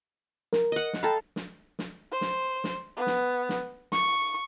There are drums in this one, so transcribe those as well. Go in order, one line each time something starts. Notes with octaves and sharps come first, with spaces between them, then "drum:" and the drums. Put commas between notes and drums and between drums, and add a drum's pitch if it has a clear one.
A#4, drum: snare
D#5 F#5
drum: snare
A4 F5 G5 A#5 B5
drum: snare
drum: snare
C5
drum: snare
drum: snare
B3
drum: snare
drum: snare
C#6, drum: snare